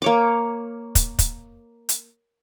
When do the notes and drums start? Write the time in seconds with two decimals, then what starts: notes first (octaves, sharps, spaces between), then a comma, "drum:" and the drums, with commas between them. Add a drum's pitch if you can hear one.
0.02 A#3 C#5 D6
0.95 drum: kick, hi-hat
1.19 drum: kick, hi-hat
1.89 drum: hi-hat